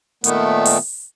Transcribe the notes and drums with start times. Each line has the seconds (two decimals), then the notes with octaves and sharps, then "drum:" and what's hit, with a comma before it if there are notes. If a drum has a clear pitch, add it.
0.24 A#2 D#3 A3 B3, drum: hi-hat
0.65 drum: open hi-hat